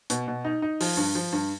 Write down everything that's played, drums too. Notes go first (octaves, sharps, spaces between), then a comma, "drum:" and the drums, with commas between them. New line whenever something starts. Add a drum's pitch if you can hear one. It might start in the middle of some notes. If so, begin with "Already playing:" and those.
B2, drum: hi-hat
B2
D#4
D#4
F3, drum: open hi-hat
G2
F3
G2